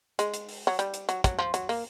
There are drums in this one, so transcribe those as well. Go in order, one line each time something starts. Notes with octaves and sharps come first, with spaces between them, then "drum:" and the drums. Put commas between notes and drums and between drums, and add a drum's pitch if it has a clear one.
G#3, drum: hi-hat
drum: hi-hat
drum: open hi-hat
F#3
G3, drum: hi-hat
drum: hi-hat
F#3, drum: hi-hat
F#3, drum: kick, hi-hat
F3
F#3, drum: hi-hat
A#3, drum: open hi-hat